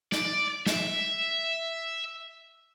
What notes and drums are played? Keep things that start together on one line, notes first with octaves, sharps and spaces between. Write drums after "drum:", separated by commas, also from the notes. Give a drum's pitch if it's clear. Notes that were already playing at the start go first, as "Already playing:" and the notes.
D5, drum: snare
E5, drum: snare